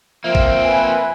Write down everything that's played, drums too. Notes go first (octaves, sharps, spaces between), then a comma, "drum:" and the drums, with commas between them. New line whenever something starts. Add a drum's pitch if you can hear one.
F3 A#3 C4 E5
drum: kick
B4 G#5